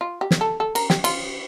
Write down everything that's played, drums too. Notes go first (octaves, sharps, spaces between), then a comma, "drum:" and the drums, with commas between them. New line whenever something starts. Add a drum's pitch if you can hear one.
F4
G4
drum: snare
A4
A4
A#4, drum: cymbal
G4, drum: snare
F4, drum: cymbal